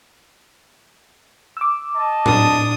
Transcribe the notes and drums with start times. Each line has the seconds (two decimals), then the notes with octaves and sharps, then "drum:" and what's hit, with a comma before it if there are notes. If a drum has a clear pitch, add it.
1.57 D6 E6
1.95 D#5 A5
2.26 D4 D#6, drum: tom